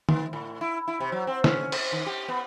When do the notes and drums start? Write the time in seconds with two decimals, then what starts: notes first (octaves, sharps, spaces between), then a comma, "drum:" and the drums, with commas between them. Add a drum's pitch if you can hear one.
0.09 D#3, drum: tom
0.33 A2
0.61 E4
0.88 E4
1.00 C3
1.12 F#3
1.27 C4
1.44 C#4, drum: snare
1.72 C5, drum: cymbal
1.92 D#3
2.06 G4
2.28 B3